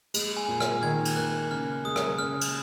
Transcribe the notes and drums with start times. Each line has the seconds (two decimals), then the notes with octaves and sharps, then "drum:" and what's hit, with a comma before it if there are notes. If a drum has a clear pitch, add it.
0.14 G#3, drum: cymbal
0.37 G#5
0.48 A#2
0.60 F6, drum: rim click
0.83 D#3 G#6
1.05 drum: cymbal
1.16 A#3 F#6
1.51 C#3 F6
1.84 G#3 D#6
1.96 drum: rim click
2.18 C#3 F6
2.41 drum: cymbal